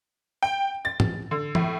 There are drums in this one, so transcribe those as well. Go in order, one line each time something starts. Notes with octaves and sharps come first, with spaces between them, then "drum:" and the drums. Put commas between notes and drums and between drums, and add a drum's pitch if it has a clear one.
G5
A6
drum: tom
D3
A2, drum: tom